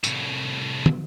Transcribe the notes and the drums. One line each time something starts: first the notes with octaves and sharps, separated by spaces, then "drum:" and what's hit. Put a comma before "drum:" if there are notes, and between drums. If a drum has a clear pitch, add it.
C2 A2, drum: tambourine
drum: tom